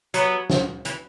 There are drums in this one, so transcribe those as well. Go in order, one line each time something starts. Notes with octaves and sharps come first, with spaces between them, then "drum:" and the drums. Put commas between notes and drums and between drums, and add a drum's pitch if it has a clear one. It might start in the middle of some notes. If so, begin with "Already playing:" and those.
F#3 B3, drum: hi-hat
drum: snare
E3, drum: hi-hat